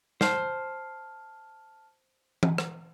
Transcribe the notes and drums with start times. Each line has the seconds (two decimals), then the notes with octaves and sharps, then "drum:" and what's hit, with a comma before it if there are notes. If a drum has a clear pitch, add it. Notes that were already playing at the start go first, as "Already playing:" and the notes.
0.21 C5 A5 F6, drum: snare
2.43 drum: tom E3
2.58 drum: rim click